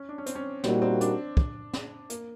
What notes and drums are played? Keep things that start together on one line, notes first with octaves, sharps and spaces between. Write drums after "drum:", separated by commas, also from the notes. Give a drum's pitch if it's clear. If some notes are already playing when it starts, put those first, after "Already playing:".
Already playing: C#4
D4
C#4
C4, drum: hi-hat
C#4
A#2 G3 A#3 C4 D#4 F#4, drum: snare
C4
D4, drum: hi-hat
drum: kick
drum: snare
A#3, drum: hi-hat